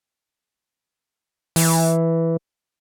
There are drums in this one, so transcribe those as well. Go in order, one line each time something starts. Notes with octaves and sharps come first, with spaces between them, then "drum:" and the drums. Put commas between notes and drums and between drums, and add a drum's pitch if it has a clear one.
E3, drum: open hi-hat